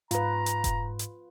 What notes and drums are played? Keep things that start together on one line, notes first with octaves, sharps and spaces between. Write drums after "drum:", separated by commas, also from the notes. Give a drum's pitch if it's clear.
G#2 F4 B4 A#5, drum: hi-hat
drum: hi-hat
drum: kick F1, hi-hat
drum: hi-hat